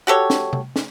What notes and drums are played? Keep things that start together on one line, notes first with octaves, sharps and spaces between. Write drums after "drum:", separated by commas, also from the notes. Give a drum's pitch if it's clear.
F#4 G4 A4 C#5
drum: snare
drum: tom C3
drum: snare